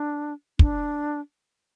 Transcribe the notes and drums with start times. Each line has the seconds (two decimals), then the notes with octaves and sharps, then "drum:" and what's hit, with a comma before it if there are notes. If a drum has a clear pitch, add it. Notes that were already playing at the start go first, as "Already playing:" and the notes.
Already playing: D4
0.59 D4, drum: kick